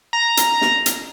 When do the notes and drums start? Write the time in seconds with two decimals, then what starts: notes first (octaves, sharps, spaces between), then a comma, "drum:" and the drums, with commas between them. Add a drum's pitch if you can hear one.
0.13 A#5
0.37 drum: hi-hat
0.62 drum: snare
0.86 drum: hi-hat